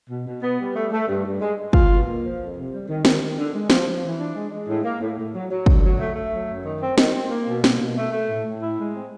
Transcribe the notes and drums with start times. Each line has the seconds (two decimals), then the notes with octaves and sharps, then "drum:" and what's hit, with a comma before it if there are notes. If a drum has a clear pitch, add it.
0.09 B2
0.26 B2
0.43 B3
0.59 G3
0.76 A3
0.92 A3
1.08 G2
1.25 G2
1.40 G#3
1.57 G#3
1.73 F4, drum: kick
1.90 B2
2.06 A#3
2.23 F3
2.39 F2
2.56 C3
2.71 G3
2.89 D#3
3.05 D#3, drum: snare
3.21 D#3
3.38 D3
3.54 G#3
3.70 F3, drum: snare
3.87 F3
4.03 E3
4.20 D4
4.35 G#3
4.52 G#3
4.68 A2
4.84 A#3
5.01 A2
5.18 A2
5.35 F#3
5.50 F#3
5.66 D3, drum: kick
5.84 F#3
6.00 A3
6.15 A3
6.33 F#3
6.49 F#2
6.65 D#3
6.81 C4
6.98 D#3, drum: snare
7.14 C4
7.30 A#3
7.48 B2
7.64 A#3, drum: snare
7.79 B2
7.96 A3
8.12 A3
8.29 A2
8.46 A2
8.62 E4
8.78 G#3
8.95 C4